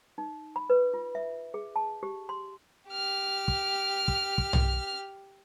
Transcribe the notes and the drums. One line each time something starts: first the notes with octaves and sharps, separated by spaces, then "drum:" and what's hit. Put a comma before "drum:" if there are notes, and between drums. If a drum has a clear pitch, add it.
D#4
B5
B4
F4
E5
G#4
A5
G4
C6
G4 F6
drum: kick
drum: kick
drum: kick
drum: tom